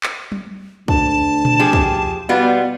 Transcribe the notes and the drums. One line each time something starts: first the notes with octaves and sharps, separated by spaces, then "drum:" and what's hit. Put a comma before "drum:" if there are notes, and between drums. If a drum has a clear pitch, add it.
drum: clap
drum: tom F#3
D2 A5, drum: kick
drum: tom A#2
F3 G4 G#4
drum: kick
B2 G3 B3 F4